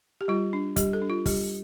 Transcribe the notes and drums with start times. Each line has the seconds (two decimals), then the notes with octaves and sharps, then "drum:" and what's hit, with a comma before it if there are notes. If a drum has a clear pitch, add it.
0.21 G4
0.28 G3 F4
0.53 D4
0.76 G3 G4, drum: kick, hi-hat
0.93 A4
1.02 D4
1.10 F4
1.26 G3 G4, drum: kick, open hi-hat